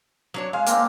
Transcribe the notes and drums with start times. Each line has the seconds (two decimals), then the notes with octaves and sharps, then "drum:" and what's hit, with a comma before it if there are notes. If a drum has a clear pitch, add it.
0.34 F#3 D4 C#5
0.53 G#3 F5
0.66 A#3 C4 D4, drum: hi-hat